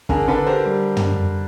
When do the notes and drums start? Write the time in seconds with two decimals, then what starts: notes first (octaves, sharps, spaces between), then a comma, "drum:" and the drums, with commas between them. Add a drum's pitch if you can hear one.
0.09 D3 G#4 A#4, drum: kick
0.28 D3 A4 B4
0.46 G4 A#4 C5
0.65 G3
0.97 drum: tom